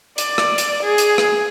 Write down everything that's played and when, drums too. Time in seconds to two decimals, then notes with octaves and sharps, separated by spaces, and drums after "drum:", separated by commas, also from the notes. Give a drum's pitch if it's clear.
0.18 D5, drum: hi-hat
0.38 drum: rim click
0.58 drum: hi-hat
0.84 G#4
0.98 drum: hi-hat
1.18 drum: rim click